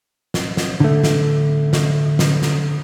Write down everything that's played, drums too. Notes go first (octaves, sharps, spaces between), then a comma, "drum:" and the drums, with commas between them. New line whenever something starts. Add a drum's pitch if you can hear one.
drum: snare
drum: snare
D3 A3
drum: snare
drum: snare
drum: snare
drum: snare